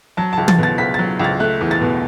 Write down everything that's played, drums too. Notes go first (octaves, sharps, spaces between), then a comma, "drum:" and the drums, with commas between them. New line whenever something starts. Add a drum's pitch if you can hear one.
F#3 A5
C#2 A5
A6, drum: tom
B2 A6
C#2 B6
F#3 A6
C#2 A6
A3 F#6
E2
A6
B2